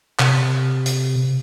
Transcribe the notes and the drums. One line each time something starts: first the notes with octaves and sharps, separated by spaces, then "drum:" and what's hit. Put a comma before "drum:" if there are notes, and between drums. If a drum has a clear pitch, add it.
C3, drum: clap
drum: hi-hat